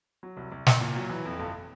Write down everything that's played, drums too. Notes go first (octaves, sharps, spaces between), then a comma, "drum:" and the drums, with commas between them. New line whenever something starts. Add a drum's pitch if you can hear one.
F#3
C2
C2
C2, drum: snare
A#2
F#3
E3
F2
G1